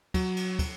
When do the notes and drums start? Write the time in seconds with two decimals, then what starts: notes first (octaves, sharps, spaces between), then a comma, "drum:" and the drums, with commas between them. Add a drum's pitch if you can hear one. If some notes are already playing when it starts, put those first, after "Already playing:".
0.14 F#3, drum: kick, cymbal
0.37 drum: cymbal
0.59 drum: kick, cymbal